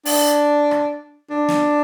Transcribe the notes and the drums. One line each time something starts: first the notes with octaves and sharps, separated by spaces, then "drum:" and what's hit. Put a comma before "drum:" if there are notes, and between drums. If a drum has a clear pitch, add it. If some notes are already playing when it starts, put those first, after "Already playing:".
D4, drum: open hi-hat
drum: rim click
D4
drum: snare